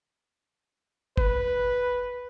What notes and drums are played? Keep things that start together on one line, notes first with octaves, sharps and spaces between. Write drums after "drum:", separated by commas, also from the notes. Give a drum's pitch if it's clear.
B4, drum: kick F#1